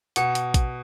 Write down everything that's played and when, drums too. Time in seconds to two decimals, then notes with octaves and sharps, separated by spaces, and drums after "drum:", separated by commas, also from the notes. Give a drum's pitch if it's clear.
0.16 B2 F#5, drum: hi-hat
0.35 drum: hi-hat
0.54 drum: kick, hi-hat